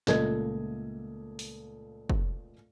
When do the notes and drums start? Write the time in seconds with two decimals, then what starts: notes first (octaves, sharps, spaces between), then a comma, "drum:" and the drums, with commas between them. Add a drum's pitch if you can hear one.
0.07 C#2 A#2 A3 A4 D#5 G#6, drum: snare
1.39 drum: open hi-hat
2.09 drum: kick